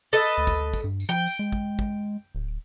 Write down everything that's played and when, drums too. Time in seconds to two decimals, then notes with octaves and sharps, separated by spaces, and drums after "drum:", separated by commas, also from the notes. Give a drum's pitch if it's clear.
0.13 A4 B4 D#5
0.38 D2
0.47 drum: kick, tambourine
0.74 drum: kick, tambourine
0.84 G2
1.00 drum: tambourine
1.09 F3 G5
1.26 drum: tambourine
1.39 G#3
1.52 drum: kick
1.79 drum: kick
2.35 D1